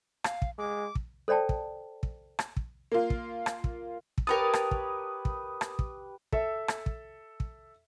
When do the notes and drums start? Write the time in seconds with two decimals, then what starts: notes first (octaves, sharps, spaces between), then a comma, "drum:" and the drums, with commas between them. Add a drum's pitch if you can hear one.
0.24 F5, drum: rim click
0.42 drum: kick
0.58 G#3 D6
0.95 drum: kick
1.28 A4 C5 D5 G5 A5
1.49 drum: kick
2.03 drum: kick
2.39 drum: rim click
2.57 drum: kick
2.92 A#3 F4
3.10 drum: kick
3.46 drum: rim click
3.64 drum: kick
4.18 drum: kick
4.27 G4 A#4 B4 C#5 A5 B5 D#6
4.53 drum: rim click
4.71 drum: kick
5.25 drum: kick
5.61 drum: rim click
5.79 drum: kick
6.32 A4 E5, drum: kick
6.68 drum: rim click
6.86 drum: kick
7.40 drum: kick